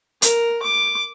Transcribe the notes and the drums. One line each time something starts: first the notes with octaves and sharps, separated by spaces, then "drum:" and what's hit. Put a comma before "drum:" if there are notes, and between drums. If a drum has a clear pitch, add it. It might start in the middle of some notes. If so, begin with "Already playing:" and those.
A#4, drum: hi-hat
D6